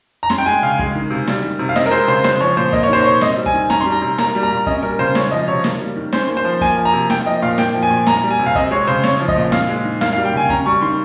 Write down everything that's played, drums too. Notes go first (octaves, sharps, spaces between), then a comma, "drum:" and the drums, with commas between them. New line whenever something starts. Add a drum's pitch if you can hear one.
A#5
C#4 C6, drum: snare
G5
G#3 G#5
C#3 F5
G#3, drum: kick
D#3
C3
G3, drum: snare
D#3
C3
F5
C4 D#5, drum: snare
A#4
G#3 C5
C#3 C5
G#3 C5, drum: snare
F3 C#5
A#2 C5
A#3 D#5, drum: kick
C#5
D#3 C5
C3 C#5
C4 D#5, drum: snare
G3
G#5, drum: kick
D#3
C#4 A#5, drum: snare
C6
G3
A#5
C3
A#3 A#5, drum: snare
G3
A#5
A#2
C#4 D#5, drum: kick
G3 A#4
C#3 C5
G#3 C#5, drum: snare
F3 D#5
C3 C#5
A#3, drum: snare
G3
D#3
C#4 C5, drum: snare
A#3
C5
F3
A#3 G#5, drum: kick
F3
A#5
C3
A#3 G5, drum: snare
F3 D#5
A#2 F5
A#3 G5, drum: snare
F3
G#5
A#2
A#3 A#5, drum: snare
G3
G#5
C3
F5
C4 D#5, drum: kick
G#3 C#5
C#3 C5
C4 C#5, drum: snare
F3
D#5, drum: kick
A#2
C4 F5, drum: snare
G#3
D#3
A#3 F5, drum: snare
F5
G3
G5
C#3 G#5
C#4 A#5, drum: kick
G3 C#6
D#3 C6